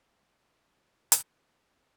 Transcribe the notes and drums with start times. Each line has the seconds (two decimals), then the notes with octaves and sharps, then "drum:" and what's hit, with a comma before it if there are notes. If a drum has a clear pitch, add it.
0.04 B2
0.29 C3
0.55 A#2
0.72 B2
0.89 B2
1.12 drum: hi-hat
1.56 B2
1.73 C3